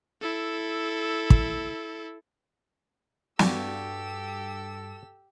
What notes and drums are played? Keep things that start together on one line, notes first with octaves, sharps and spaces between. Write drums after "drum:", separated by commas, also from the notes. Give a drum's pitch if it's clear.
E4 A4
drum: kick
G2 F#4 G4 A4 D5 F5 E6, drum: snare